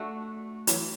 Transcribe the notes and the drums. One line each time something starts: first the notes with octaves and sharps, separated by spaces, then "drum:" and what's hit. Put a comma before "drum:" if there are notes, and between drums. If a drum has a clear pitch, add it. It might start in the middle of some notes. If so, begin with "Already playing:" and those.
Already playing: A3 D4 F#4
E3 F#3, drum: hi-hat